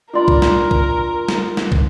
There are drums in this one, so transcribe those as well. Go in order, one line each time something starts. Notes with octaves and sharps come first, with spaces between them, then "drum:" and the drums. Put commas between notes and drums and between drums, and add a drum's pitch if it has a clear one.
D4 F4 A#4 D5 B5 C6
drum: kick
drum: snare
drum: kick
drum: snare
drum: snare
drum: kick